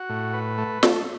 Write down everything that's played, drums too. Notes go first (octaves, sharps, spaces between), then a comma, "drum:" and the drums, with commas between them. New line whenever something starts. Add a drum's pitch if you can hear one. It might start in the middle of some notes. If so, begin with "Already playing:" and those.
Already playing: F#4
A2
B4
A3
A3, drum: snare